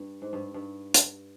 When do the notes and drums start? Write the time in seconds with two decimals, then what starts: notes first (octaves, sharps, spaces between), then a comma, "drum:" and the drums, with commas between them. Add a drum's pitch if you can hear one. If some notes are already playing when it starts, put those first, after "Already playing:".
Already playing: G2
0.22 G#2
0.33 G2
0.54 G2
0.94 drum: hi-hat